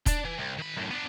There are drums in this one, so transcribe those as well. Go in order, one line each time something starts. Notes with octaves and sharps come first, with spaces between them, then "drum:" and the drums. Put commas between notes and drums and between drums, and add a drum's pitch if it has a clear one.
D4 D5, drum: kick, hi-hat
E3
C2
D#3 B5
F#2 A2
B3 D4